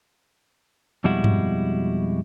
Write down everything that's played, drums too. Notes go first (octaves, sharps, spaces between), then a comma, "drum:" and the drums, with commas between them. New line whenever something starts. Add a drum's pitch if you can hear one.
F2 B2 G3 G#3 E4 F#4
drum: tom G2